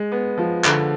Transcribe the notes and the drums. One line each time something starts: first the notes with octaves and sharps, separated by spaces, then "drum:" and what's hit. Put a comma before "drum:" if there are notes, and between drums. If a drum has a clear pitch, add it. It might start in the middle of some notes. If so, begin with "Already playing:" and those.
Already playing: G#3
B3
F3
D3, drum: clap